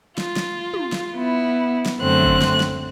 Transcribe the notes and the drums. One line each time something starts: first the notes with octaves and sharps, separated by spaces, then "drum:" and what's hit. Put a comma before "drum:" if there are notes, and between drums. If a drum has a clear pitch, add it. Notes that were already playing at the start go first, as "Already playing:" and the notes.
F4, drum: snare
drum: snare
drum: tom
drum: snare
B3 E4
drum: snare
F#2 D3 A3 C4 F#6
drum: kick
drum: snare
drum: snare